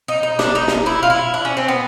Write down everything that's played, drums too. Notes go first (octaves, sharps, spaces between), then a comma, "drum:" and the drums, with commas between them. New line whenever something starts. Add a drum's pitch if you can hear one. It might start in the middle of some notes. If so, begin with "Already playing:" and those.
D#4
D#4
D4, drum: snare
D#4
drum: snare
E4
F4
E4
D4
C#4
C4
B3